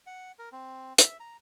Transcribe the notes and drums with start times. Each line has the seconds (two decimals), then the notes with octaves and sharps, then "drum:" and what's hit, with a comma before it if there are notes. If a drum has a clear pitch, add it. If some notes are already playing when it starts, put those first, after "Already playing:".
0.07 F#5
0.39 A#4
0.52 C4
0.98 E5, drum: hi-hat
1.20 A#5